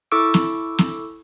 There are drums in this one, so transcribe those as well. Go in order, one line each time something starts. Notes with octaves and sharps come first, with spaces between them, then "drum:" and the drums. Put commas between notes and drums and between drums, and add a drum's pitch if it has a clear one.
E4 A4 C#6 D6 E6 D7
drum: snare
drum: snare